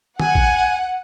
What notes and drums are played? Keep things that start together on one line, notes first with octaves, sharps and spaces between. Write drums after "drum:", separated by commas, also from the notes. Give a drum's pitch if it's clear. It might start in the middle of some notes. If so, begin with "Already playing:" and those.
F#5 G#5, drum: tom D#3
drum: kick A1